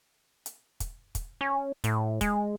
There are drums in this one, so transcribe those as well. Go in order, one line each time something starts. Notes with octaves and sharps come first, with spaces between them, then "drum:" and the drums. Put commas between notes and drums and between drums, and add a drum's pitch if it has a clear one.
drum: hi-hat
drum: kick, hi-hat
drum: kick, hi-hat
C#4
A2, drum: hi-hat
G#3, drum: kick, hi-hat